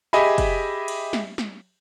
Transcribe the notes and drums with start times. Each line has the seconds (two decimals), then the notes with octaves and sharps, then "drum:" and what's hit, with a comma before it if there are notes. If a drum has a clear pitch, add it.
0.13 G4 G#4 D#5 E5 G#5 B5
0.38 drum: kick, cymbal
0.88 drum: cymbal
1.13 drum: snare
1.38 drum: snare